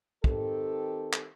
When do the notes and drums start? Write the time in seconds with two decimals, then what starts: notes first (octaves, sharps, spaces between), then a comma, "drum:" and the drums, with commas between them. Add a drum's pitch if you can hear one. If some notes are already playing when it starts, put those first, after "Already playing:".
0.24 D#3 C4 G4 A4, drum: kick
1.13 drum: clap